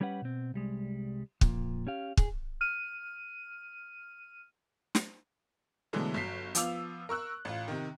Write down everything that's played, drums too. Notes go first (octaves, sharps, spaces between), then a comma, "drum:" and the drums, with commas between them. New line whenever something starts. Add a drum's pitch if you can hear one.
G3 C#4 G4 B4 F#5
B2 C4
C2 G3 G#3
F2 A#2, drum: kick
C#4 G4 F5
G#4, drum: kick
F6 D#7
drum: snare
B2 D3 E3 F#3 G#3 A3
G1 F#3 B6 C7
F3 B3 F4 D6 E6 F7, drum: hi-hat
A#4 C#6 E6 F#6
A1 F4
C3 D#3